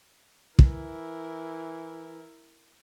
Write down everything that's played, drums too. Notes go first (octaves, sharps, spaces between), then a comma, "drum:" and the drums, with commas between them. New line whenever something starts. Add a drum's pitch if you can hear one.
E3 E4 A#4, drum: kick